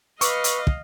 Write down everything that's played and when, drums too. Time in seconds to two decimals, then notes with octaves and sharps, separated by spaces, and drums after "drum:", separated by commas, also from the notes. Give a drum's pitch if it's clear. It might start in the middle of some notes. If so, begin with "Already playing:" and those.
0.21 B4 D#5 F5 C#6 D6 E6, drum: hi-hat
0.44 drum: hi-hat
0.67 drum: kick